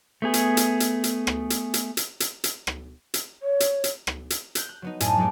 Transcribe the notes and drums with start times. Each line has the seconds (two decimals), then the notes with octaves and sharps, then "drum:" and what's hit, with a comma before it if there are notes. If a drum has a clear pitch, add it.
0.22 A3 B3 G#4
0.34 drum: hi-hat
0.57 drum: hi-hat
0.80 drum: hi-hat
1.04 drum: hi-hat
1.27 drum: rim click
1.50 drum: hi-hat
1.74 drum: hi-hat
1.97 drum: hi-hat
2.20 drum: hi-hat
2.44 drum: hi-hat
2.67 drum: rim click
3.14 drum: hi-hat
3.41 C#5
3.60 drum: hi-hat
3.84 drum: hi-hat
4.07 drum: rim click
4.30 drum: hi-hat
4.55 F#6 G6, drum: hi-hat
4.69 F#6
4.82 F#3 B3 D#4
5.00 F#2 A2 G#5 A5, drum: hi-hat
5.17 F#3 G#3 A3 B3 D#4 G4